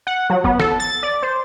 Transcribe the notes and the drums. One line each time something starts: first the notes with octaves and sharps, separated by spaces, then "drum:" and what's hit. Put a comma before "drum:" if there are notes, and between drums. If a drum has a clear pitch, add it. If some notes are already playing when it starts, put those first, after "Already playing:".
F#5
F#3
B3, drum: kick F#1
A4, drum: snare
A6
D5
C5